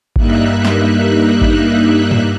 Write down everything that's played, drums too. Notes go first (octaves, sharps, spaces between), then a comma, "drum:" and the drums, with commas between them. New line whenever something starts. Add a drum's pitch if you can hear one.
G2 G3 A#3 D#4 E5 F#6, drum: kick G#1
drum: snare
drum: kick G#1
drum: tom